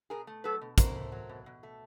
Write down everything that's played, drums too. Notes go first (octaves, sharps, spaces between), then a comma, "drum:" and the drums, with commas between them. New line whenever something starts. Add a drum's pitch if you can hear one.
B2 G#4 A#4
A3
F#3 A4 B4
B2
B2 A#4 C5, drum: kick, hi-hat
A3
F#3
B2
B2
A3